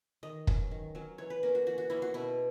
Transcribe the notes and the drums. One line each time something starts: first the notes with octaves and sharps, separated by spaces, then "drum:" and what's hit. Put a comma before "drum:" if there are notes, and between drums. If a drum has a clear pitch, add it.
D#3 D#5
F#3 C#4, drum: kick
D#3
F#3 C#4
E3 C#5
B4
A#3 C#4 A#4
F#4
E3 F#4
F#4
A#3 C#4 E4
F#4
B2 E4